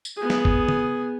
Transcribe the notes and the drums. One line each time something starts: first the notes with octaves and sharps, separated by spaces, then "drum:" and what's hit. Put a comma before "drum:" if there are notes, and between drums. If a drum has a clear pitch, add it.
drum: tambourine
B3 G#4
drum: snare
drum: kick
drum: tom